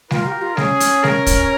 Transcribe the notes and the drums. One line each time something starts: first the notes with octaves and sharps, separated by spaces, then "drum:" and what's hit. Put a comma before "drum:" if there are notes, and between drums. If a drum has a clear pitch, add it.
F4 A#4, drum: snare G3
G4
F4
C#4 G#4, drum: snare G3
drum: hi-hat
A#4, drum: snare G3
drum: kick, hi-hat